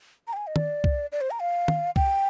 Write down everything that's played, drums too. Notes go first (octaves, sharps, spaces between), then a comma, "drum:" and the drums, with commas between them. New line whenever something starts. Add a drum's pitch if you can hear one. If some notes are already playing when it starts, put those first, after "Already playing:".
A#5
G5
G#5
D#5
D5, drum: tom
drum: kick C2
D5
C5
A#5
F5
drum: tom
G5, drum: kick C2